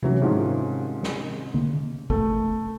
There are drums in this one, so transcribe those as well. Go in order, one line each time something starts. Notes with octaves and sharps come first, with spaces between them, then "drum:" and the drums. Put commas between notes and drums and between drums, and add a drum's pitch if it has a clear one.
C3 E3 F#3 C#4
G#2 D#3 F3
drum: snare
drum: tom D3
A3, drum: kick